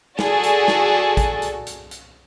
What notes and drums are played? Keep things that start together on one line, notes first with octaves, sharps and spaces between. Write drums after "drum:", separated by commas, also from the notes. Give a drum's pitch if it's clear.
F#4 G#4 A4 D5, drum: snare
drum: hi-hat
drum: snare
drum: kick, hi-hat
drum: hi-hat
drum: hi-hat
drum: hi-hat